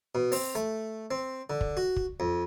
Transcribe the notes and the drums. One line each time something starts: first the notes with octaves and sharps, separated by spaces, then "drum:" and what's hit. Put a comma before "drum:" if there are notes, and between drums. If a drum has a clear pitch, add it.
B2
C4, drum: open hi-hat
A3
C4
D3
drum: kick
F#4
drum: kick
F2